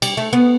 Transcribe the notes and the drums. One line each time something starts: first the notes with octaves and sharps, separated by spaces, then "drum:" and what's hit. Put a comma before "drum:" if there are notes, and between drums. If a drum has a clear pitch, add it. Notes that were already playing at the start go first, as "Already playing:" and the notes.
G3, drum: cymbal
A3
B3